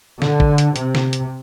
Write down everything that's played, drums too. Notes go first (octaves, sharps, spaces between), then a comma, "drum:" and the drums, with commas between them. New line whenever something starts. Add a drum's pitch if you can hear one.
D3, drum: snare
drum: kick
drum: hi-hat
C3, drum: hi-hat
drum: snare
drum: hi-hat